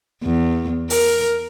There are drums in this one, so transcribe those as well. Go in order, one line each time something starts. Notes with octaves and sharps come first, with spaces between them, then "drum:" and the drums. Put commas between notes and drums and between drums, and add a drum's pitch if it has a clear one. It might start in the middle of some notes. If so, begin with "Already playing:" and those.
E2
A#4, drum: open hi-hat